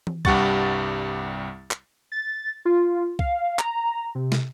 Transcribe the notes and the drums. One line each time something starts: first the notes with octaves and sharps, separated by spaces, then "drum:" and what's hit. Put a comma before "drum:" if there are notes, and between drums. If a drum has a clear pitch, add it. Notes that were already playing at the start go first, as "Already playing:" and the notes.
drum: tom E3
C2 G2 G3 F#5 C#6 A6, drum: kick
drum: clap
A6
F4
F5, drum: kick
A#5, drum: clap
C3
drum: snare